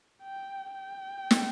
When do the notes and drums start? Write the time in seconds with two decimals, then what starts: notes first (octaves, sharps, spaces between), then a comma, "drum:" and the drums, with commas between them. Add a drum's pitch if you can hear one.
0.22 G5
0.72 G5
1.31 drum: snare